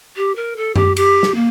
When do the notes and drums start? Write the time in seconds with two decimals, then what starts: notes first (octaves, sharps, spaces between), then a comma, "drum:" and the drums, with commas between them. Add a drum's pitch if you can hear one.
0.17 G4
0.36 A#4
0.57 A4
0.76 G4, drum: tom F#2
0.97 G4, drum: cymbal
1.23 drum: snare
1.35 A#3